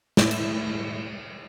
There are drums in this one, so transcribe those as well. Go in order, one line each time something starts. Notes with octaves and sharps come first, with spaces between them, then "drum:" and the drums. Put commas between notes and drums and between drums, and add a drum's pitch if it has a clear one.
A2, drum: snare
drum: cymbal